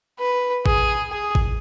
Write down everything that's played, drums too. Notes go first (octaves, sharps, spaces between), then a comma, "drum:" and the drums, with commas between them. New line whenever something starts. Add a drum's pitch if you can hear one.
B4
G#4, drum: kick G#1
G#4
drum: kick G#1